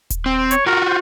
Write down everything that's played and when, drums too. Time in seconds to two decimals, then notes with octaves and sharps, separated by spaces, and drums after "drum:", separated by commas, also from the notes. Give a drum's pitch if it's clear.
0.10 drum: kick D#1, hi-hat
0.26 C4
0.51 C#5, drum: hi-hat
0.66 F4 F#4 A#4
0.88 C5